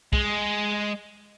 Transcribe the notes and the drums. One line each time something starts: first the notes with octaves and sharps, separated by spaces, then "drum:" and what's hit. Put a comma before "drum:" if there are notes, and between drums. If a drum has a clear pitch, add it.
G#3, drum: kick B1